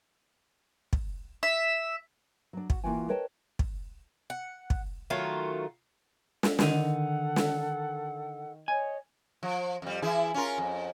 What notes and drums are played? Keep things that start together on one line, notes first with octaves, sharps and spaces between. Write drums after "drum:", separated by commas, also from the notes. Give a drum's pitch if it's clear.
drum: kick
E5
F#3 D4
F#4, drum: kick
E3 A#3 F4 F#4 G5 G#5
A#4 B4 C#5 D#5 G5 A5
drum: kick
F#5
drum: kick
D#3 F#3 A3 F4
drum: snare
D3 D#3 D#4 A4 F#5, drum: snare
drum: snare
C#5 D#5 G#5
F3
F2 G3
E3 E4 G#4
C#4 F4 A#4
F2